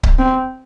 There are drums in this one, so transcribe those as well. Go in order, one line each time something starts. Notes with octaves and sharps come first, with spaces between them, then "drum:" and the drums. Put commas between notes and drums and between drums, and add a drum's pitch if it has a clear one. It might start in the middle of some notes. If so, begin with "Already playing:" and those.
drum: kick C#1
C4